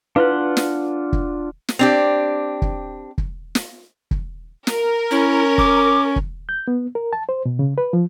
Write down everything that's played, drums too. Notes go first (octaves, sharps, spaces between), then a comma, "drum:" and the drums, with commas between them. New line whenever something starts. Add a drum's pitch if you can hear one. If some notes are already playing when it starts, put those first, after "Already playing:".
D4 E4 F4 B4 F5 F#5
drum: snare
drum: kick
drum: snare
C4 D4 G4
drum: kick
drum: kick
drum: snare
drum: kick
A#4, drum: snare
C#4 E4
D6, drum: kick
drum: kick
G6
B3
A#4
A5
C5
B2
C#3
B4
F3